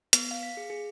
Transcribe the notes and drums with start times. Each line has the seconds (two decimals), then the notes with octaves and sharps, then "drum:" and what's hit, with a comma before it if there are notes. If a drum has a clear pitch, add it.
0.13 B3, drum: hi-hat
0.31 F5
0.43 B6
0.57 G#4
0.70 G#4